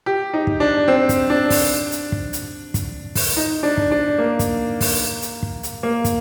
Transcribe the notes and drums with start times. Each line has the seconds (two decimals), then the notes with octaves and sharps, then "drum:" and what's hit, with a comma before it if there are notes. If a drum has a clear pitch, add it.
0.06 G4
0.34 D#4
0.47 drum: kick
0.60 D4
0.88 C4
1.09 drum: kick, hi-hat
1.30 D4
1.50 drum: kick, open hi-hat
1.92 drum: hi-hat
2.12 drum: kick
2.33 drum: hi-hat
2.74 drum: kick, hi-hat
3.15 drum: kick, open hi-hat
3.37 D#4
3.63 D4
3.77 drum: kick
3.92 D4
4.18 A#3
4.39 drum: kick, hi-hat
4.81 drum: kick, open hi-hat
5.22 drum: hi-hat
5.43 drum: kick
5.63 drum: hi-hat
5.83 A#3
6.04 drum: kick, hi-hat